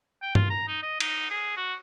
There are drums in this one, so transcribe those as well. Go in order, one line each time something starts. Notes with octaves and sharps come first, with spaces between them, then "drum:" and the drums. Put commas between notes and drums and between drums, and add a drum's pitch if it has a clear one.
G5
F4, drum: tom G2
A#5
D#4
D#5
D#4, drum: cymbal
G#4
F#4